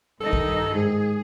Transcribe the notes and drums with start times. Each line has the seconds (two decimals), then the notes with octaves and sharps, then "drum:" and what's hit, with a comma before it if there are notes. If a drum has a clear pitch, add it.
0.20 G2 D#3 D#4 A4
0.33 drum: kick
0.73 G#2 G#4